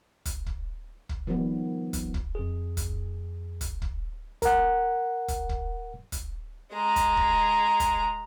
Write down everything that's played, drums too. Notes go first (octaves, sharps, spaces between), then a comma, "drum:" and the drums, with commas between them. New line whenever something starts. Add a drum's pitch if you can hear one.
drum: kick, hi-hat
drum: kick
drum: kick
D#3 F3 G3 B3
drum: kick, hi-hat
drum: kick
F2 G#4
drum: kick, hi-hat
drum: kick, hi-hat
drum: kick
A#4 F#5, drum: kick, hi-hat
drum: kick, hi-hat
drum: kick
drum: kick, hi-hat
G#3 A#5
drum: kick, hi-hat
drum: kick
drum: kick, hi-hat